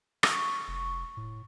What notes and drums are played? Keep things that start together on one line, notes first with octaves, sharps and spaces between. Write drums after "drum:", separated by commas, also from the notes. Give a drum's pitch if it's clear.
C#6, drum: rim click
F1
A2